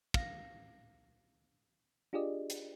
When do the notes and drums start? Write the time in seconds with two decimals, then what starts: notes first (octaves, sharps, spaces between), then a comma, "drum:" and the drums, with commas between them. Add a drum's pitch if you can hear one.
0.14 F5 A#6, drum: kick
2.13 D4 F4 G4 G#4 D5 D#5
2.50 drum: hi-hat